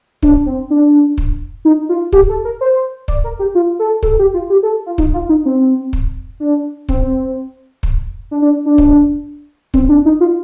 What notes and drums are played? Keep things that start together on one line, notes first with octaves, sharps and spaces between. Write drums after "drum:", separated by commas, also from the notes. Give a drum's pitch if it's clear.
D4, drum: kick
C4
D4
drum: kick
D#4
F4
G4, drum: kick
A4
A#4
C5
D5, drum: kick
A#4
G4
F4
A4
A4, drum: kick
G4
F4
G4
A4
F4
D#4, drum: kick
F4
D#4
C4
drum: kick
D4
C4, drum: kick
drum: kick
D4
D4
D4
drum: kick
C4, drum: kick
D4
D#4
F4